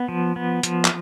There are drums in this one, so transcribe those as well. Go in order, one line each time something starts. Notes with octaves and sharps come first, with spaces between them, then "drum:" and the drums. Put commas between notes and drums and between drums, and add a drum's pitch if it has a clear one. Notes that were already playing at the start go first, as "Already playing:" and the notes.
Already playing: B3
F3
B3
F3, drum: hi-hat
drum: clap